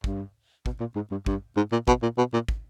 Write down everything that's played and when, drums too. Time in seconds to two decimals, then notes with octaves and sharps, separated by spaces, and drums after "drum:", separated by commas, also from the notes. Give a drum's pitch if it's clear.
0.04 G2, drum: kick
0.66 B2, drum: kick
0.80 A#2
0.96 G#2
1.11 G2
1.26 G2, drum: kick
1.57 G#2
1.72 A#2
1.88 B2, drum: kick
2.03 A#2
2.18 B2
2.33 A#2
2.48 drum: kick